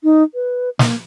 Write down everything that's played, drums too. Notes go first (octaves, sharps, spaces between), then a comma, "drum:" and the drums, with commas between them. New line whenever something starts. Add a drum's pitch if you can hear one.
D#4
B4
A#3, drum: snare